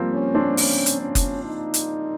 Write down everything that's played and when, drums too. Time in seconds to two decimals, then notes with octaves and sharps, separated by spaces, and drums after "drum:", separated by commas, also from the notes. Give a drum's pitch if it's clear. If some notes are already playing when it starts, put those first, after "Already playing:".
Already playing: F3 G3 A#3 C4
0.13 C#4
0.35 C4 D4
0.57 C#4, drum: open hi-hat
0.86 drum: hi-hat
1.00 C#4
1.15 drum: kick F#1, hi-hat
1.44 D#4
1.74 drum: hi-hat